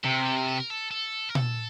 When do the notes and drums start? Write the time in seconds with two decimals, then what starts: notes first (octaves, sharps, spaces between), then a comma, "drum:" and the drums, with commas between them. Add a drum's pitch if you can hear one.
0.04 C3 A4
0.15 A#4
0.27 A4
0.37 A#4
0.48 A4
0.58 A#4
0.70 A4
0.91 A4
1.29 A#4
1.35 A4, drum: tom A#2